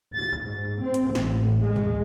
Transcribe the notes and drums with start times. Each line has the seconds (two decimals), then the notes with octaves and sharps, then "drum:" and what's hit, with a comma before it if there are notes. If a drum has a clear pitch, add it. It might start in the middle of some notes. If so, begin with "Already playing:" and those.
0.15 A6
0.44 G#2
0.83 C4
0.94 drum: hi-hat
1.15 A1, drum: snare
1.65 G#3
1.76 drum: tom